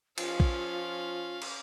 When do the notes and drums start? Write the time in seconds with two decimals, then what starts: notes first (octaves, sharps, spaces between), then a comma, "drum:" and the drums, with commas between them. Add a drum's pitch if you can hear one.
0.18 F3 C#4 F4 F5, drum: cymbal
0.40 drum: kick A#1
1.42 drum: cymbal